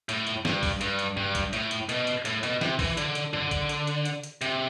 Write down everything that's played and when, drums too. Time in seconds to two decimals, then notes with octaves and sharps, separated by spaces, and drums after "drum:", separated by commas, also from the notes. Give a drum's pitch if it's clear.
0.09 A2, drum: hi-hat
0.27 drum: hi-hat
0.45 G2, drum: snare
0.63 drum: kick A#1, open hi-hat
0.81 G2, drum: hi-hat
0.99 drum: hi-hat
1.17 G2, drum: tom G2
1.35 drum: kick A#1, hi-hat
1.53 A2, drum: hi-hat
1.71 drum: hi-hat
1.89 B2, drum: hi-hat
2.07 drum: hi-hat
2.25 A2, drum: hi-hat
2.43 B2, drum: hi-hat
2.61 C3, drum: snare
2.79 E3, drum: kick A#1, open hi-hat
2.97 D3, drum: hi-hat
3.15 drum: hi-hat
3.33 D3, drum: tom F#2
3.51 drum: kick A#1, hi-hat
3.69 drum: hi-hat
3.87 drum: hi-hat
4.05 drum: hi-hat
4.23 drum: hi-hat
4.41 C3, drum: hi-hat